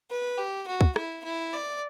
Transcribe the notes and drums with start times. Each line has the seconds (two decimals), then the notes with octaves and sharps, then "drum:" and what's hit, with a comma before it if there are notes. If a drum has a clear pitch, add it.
0.11 B4
0.38 G4
0.68 F#4
0.81 drum: kick
0.96 E4, drum: rim click
1.24 E4
1.53 D5